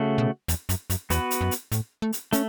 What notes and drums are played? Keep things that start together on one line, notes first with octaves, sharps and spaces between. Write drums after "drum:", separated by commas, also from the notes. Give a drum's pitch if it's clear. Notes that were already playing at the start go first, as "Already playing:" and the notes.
Already playing: C#3 A3 F#4
B2
E2, drum: hi-hat
F#2, drum: hi-hat
F#2, drum: hi-hat
E2 B3 F#4 B4, drum: hi-hat
drum: hi-hat
F#2
drum: hi-hat
A2, drum: hi-hat
A3
drum: hi-hat
A3 C#4, drum: hi-hat